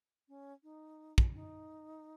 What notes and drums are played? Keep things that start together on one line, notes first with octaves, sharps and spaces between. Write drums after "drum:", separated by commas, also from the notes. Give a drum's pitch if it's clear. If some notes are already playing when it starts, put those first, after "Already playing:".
C#4
D#4
drum: kick
D#4